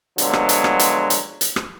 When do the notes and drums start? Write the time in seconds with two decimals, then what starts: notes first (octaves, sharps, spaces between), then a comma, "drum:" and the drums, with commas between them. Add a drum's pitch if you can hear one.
0.18 D3 F3 F#3 G#3 B3, drum: hi-hat
0.33 drum: rim click
0.49 drum: hi-hat
0.64 drum: rim click
0.79 drum: hi-hat
1.10 drum: hi-hat
1.41 drum: hi-hat
1.56 drum: rim click